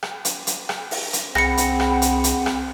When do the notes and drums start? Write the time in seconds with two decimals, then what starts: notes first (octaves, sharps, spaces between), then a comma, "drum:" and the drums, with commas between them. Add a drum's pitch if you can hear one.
0.03 drum: rim click
0.25 drum: hi-hat
0.47 drum: hi-hat
0.69 drum: rim click
0.91 drum: open hi-hat
1.13 drum: hi-hat
1.35 C2 C4 G#4 F#5 B5 A#6 C#7, drum: rim click
1.57 drum: hi-hat
1.80 drum: rim click
2.02 drum: hi-hat
2.24 drum: hi-hat
2.46 drum: rim click